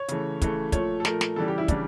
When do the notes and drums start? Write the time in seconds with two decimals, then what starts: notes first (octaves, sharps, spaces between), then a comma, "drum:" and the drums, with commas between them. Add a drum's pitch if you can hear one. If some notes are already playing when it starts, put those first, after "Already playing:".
Already playing: C#5
0.08 C#3 E3 A3, drum: hi-hat
0.42 C#3 E3 A3, drum: kick, hi-hat
0.72 A#2 F3 A3 C#5, drum: kick, hi-hat
1.00 A4
1.05 A#2 F3 A3 A#4, drum: snare
1.21 drum: snare
1.36 C#3 E3 G3 A4
1.48 G4
1.58 E4
1.68 C#3 E3 G3 D4, drum: kick, hi-hat